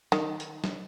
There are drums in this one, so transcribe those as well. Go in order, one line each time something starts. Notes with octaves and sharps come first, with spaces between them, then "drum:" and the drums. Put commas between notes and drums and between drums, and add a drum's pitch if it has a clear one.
D#3, drum: snare
drum: hi-hat
drum: snare